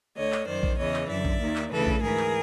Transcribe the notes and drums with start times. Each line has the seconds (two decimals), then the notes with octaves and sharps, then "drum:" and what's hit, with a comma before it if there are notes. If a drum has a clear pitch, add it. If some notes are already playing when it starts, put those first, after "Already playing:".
0.17 D2 D3 C#5 D#5
0.32 drum: clap
0.48 F#2 D#3 C5 D5
0.63 drum: kick A#1
0.78 E2 C#3 E3 C#5 D#5
0.94 drum: clap
1.09 F#2 D3 D5 E5
1.25 drum: kick A#1
1.40 D#2 D#3
1.56 drum: clap
1.71 D2 C#3 E3 A4 B4
1.87 drum: kick A#1
2.02 G#2 E3 G#4 A#4
2.18 drum: clap